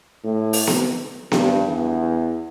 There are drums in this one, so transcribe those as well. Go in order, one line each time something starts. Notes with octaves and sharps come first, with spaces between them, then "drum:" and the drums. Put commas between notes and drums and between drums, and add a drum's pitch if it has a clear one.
A2
drum: open hi-hat
drum: snare B3
G2, drum: snare B3
E2